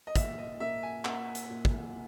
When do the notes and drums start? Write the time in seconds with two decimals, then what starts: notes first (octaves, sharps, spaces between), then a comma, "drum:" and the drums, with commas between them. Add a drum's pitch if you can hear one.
0.07 D#5
0.16 A#2 E5, drum: kick, hi-hat
0.38 D#5
0.60 A#3 E5
0.83 G#5
1.05 A#3 F#5, drum: clap
1.35 drum: hi-hat
1.50 A#2
1.65 drum: kick